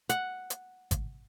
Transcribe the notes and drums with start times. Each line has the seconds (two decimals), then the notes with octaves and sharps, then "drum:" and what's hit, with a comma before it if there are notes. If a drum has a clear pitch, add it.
0.09 F#5, drum: hi-hat
0.50 drum: hi-hat
0.91 drum: kick, hi-hat